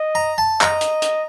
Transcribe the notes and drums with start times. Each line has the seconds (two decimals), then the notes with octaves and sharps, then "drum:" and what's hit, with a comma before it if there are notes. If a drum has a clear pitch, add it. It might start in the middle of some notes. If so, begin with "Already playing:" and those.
Already playing: D#5
0.15 A#5
0.38 A5
0.61 D#5 A#5, drum: clap
0.81 drum: hi-hat
1.02 drum: hi-hat